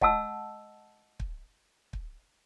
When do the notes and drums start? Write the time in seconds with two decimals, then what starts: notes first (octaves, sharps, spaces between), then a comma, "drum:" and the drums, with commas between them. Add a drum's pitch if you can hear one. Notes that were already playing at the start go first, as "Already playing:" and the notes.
0.01 D#5 F#5 A5 E6, drum: kick
1.20 drum: kick
1.93 drum: kick